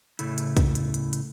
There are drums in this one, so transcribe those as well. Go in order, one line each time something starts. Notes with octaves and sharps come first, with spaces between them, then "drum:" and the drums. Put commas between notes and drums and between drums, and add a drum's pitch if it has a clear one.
A2 C#3 A3 E4, drum: hi-hat
drum: hi-hat
drum: kick, hi-hat
drum: hi-hat
drum: hi-hat
drum: hi-hat